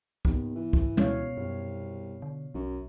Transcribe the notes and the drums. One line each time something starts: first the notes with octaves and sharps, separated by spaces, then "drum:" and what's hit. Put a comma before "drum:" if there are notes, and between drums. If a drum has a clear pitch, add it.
D#2 B3, drum: kick
E3
drum: kick
D2 B2 C#5 F5, drum: tom
C2 F#2
D3
B1 F#2